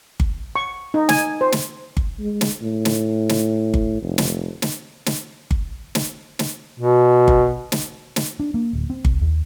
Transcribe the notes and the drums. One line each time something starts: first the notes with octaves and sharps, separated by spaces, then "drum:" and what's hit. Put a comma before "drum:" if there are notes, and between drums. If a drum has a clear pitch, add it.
drum: kick G1
C#6
D#4
G#5, drum: snare
C5
drum: snare
drum: kick G1
G#3
drum: snare
A2
drum: snare
drum: snare
drum: kick G1
F1
drum: snare
drum: snare
drum: snare
drum: kick G1
drum: snare
drum: snare
B2
drum: kick G1
drum: snare
drum: snare
D4
A#3
D1
C4
C2, drum: kick G1
D#2